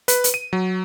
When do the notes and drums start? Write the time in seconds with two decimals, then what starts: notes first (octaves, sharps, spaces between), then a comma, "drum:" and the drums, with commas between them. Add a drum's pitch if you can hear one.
0.08 B4, drum: hi-hat
0.24 drum: hi-hat
0.34 D#7
0.53 F#3